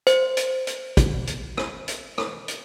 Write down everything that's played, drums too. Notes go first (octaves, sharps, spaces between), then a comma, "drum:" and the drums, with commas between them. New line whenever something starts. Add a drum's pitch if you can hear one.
C5, drum: hi-hat
drum: hi-hat
drum: hi-hat
drum: kick, hi-hat
drum: hi-hat
drum: rim click
drum: hi-hat
drum: rim click
drum: hi-hat